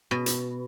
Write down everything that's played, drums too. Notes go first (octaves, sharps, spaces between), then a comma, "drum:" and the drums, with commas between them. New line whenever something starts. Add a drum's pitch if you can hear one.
B2
drum: hi-hat